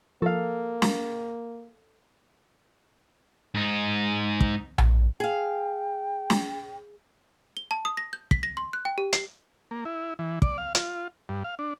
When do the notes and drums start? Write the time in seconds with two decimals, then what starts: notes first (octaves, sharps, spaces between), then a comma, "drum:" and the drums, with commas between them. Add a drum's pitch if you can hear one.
0.22 F3 A#3 A4 F5
0.82 drum: snare
3.55 G#2 D#4
4.41 drum: kick
4.78 drum: tom A#1
5.20 G#4 F5 G5
6.30 drum: snare
7.57 G7
7.71 A5
7.85 D#6
7.97 A#6
8.13 G6
8.31 B6, drum: kick
8.43 A#6
8.57 C6
8.73 F#6
8.85 G5
8.98 G4
9.13 C7, drum: hi-hat
9.71 A#3
9.85 E4
10.19 E3
10.42 D5, drum: kick
10.58 F5
10.75 F4, drum: hi-hat
11.29 G2
11.44 F5
11.59 D4